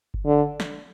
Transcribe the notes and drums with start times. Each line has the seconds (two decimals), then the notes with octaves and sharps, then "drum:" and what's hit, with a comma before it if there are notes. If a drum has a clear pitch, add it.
0.14 drum: kick F#1
0.25 D3
0.60 drum: snare